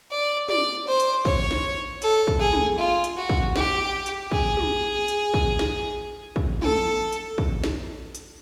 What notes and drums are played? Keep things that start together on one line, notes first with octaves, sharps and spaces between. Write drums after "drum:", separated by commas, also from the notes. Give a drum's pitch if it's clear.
D5
D5, drum: tom
C5
drum: hi-hat
C#5, drum: kick
drum: snare
A4, drum: hi-hat
drum: kick
G#4
drum: tom
F4
drum: hi-hat
F#4
drum: kick
G4, drum: snare
drum: hi-hat
G#4, drum: kick
drum: tom
drum: hi-hat
drum: kick
drum: snare
drum: kick
A4, drum: tom
drum: hi-hat
drum: kick
drum: snare
drum: hi-hat